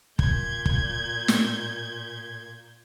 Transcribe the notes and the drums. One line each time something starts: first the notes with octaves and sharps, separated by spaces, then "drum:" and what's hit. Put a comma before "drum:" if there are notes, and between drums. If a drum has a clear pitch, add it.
A#2 G6 G#6, drum: kick
drum: kick
drum: snare